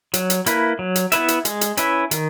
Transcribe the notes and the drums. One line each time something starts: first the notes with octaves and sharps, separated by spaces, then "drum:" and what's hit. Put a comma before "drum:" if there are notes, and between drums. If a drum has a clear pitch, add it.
F#3, drum: hi-hat
drum: hi-hat
A#3 E4 B4, drum: hi-hat
F#3
drum: hi-hat
B3 E4 B4 E5, drum: hi-hat
drum: hi-hat
G#3, drum: hi-hat
drum: hi-hat
C#4 E4 B4 E5, drum: hi-hat
D#3, drum: hi-hat